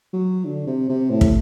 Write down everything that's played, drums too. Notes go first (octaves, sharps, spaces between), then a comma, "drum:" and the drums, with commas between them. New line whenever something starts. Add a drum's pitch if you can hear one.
F#3
D3
C3
C3
A2
drum: kick